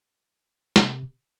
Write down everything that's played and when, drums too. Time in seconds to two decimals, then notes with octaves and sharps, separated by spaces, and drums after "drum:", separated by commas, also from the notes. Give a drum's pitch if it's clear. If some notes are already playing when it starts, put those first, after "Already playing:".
0.76 C3, drum: snare